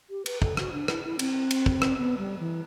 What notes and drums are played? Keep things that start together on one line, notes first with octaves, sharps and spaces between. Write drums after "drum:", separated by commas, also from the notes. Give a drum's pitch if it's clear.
G4
B4, drum: cymbal
A4, drum: kick
F#4, drum: rim click
D4
E4, drum: rim click
E4
C4, drum: cymbal
drum: cymbal
drum: kick
drum: rim click
B3
G3
E3